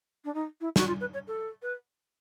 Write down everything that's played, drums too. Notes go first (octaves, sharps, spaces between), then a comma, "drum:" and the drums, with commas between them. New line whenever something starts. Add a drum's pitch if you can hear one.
D4
D#4
E4
F#4, drum: snare
F4
B4
C#5
A4
B4